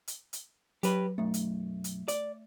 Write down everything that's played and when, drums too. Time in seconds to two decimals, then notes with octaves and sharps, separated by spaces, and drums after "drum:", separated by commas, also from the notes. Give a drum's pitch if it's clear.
0.08 drum: hi-hat
0.33 drum: hi-hat
0.83 F#3 G4 B4, drum: hi-hat
1.18 B1 F#2 A3
1.34 drum: hi-hat
1.84 drum: hi-hat
2.08 D5, drum: hi-hat